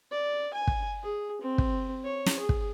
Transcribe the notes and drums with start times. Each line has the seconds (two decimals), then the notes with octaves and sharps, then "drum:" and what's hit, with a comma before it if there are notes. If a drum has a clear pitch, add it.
0.11 D5
0.53 G#5
0.67 drum: kick
1.03 G#4
1.41 C4
1.58 drum: kick
2.04 C#5
2.26 drum: snare
2.39 G#4
2.49 drum: kick